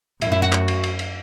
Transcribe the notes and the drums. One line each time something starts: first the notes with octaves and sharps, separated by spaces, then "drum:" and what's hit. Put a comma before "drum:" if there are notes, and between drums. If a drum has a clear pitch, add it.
F#2 E4, drum: cymbal
E4
F#4
drum: clap
drum: cymbal
drum: cymbal
drum: cymbal